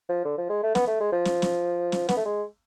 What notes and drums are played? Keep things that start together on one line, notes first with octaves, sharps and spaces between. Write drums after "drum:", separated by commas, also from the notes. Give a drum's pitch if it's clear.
F3
D3
F3
G#3
A3
B3, drum: snare
A3
G#3
F3
drum: snare
drum: snare
drum: snare
B3, drum: snare
A3
G#3